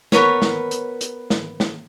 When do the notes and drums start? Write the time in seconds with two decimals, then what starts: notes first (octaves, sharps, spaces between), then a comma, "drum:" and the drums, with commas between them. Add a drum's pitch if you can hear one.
0.12 B3 A#4 B4 C#5, drum: snare
0.42 drum: snare
0.71 drum: hi-hat
1.01 drum: hi-hat
1.30 drum: snare
1.60 drum: snare